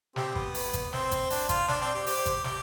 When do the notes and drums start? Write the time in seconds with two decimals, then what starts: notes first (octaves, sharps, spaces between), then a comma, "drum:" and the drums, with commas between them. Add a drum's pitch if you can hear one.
0.16 C4 G4, drum: snare
0.35 B3, drum: kick G#1
0.55 B4, drum: open hi-hat
0.73 drum: kick G#1, hi-hat
0.93 C4 C5, drum: snare
1.11 drum: kick G#1, hi-hat
1.30 D4, drum: open hi-hat
1.49 F4, drum: kick G#1, hi-hat
1.68 D4 D5, drum: snare
1.81 C4
1.94 G4
2.06 G4 C5, drum: open hi-hat
2.26 drum: kick G#1, hi-hat
2.44 G4, drum: snare